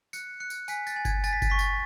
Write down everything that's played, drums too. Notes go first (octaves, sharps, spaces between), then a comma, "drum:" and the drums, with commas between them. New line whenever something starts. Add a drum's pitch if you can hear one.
F#6 C#7, drum: tambourine
F#6 C#7
drum: tambourine
G#5 B6, drum: tambourine
A6, drum: tambourine
G#5
G#6, drum: kick G1, tambourine
G#5 A6, drum: tambourine
B6
A6, drum: kick G1, tambourine
C#6 B6
A6, drum: tambourine